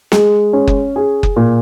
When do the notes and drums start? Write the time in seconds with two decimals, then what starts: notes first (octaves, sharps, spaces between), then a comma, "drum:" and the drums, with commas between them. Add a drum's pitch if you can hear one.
0.12 G#3, drum: snare
0.53 C#4
0.67 drum: kick F#1
0.96 G#4
1.23 drum: kick F#1
1.36 A#2